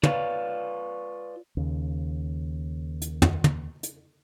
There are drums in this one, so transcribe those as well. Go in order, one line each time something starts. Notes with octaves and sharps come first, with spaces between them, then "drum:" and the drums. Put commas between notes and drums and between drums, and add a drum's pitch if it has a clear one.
F4 B4 C#5 D5 F5, drum: tom
D#2 C#3
drum: hi-hat
drum: tom
drum: tom
drum: hi-hat